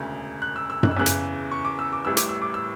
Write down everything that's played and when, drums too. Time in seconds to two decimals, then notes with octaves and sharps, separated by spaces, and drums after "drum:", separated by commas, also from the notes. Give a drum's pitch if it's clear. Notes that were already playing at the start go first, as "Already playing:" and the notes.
Already playing: E1 D2 C#3
0.42 F#6
0.56 E6
0.70 E6
0.83 F#6, drum: tom F#2
0.91 E6
0.97 E2 C#3 E3 F#6
1.06 drum: hi-hat
1.52 C#6
1.65 D6
1.79 E6
1.92 D6
2.05 A1 A2 E3 G3 E6
2.17 D6, drum: hi-hat
2.29 E6
2.42 D6
2.54 E6